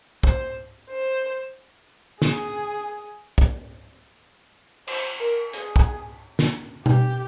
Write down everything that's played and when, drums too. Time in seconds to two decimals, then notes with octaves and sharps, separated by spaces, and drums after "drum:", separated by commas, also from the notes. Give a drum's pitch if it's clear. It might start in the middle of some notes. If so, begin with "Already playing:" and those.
0.23 C5, drum: kick
0.90 C5
2.22 G#4, drum: snare
3.38 drum: kick
4.87 C5, drum: cymbal
5.20 A#4
5.53 G#4, drum: hi-hat
5.76 drum: kick
6.39 drum: snare
6.86 G4, drum: tom B2